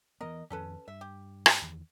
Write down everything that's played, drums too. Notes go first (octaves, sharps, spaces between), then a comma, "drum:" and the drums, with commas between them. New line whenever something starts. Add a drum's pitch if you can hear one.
E3 F3 B3 A#4 D#5
F2 D#3 C#4 A4 B4
G2 E5
G4
drum: rim click
E2 D#3